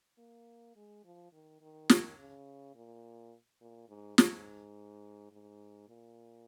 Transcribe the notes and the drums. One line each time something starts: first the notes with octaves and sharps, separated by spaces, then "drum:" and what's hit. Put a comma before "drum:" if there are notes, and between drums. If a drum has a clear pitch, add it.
A#3
G#3
F3
D#3
D#3
drum: snare
C#3
A#2
A#2
G#2
G#2, drum: snare
G#2
A#2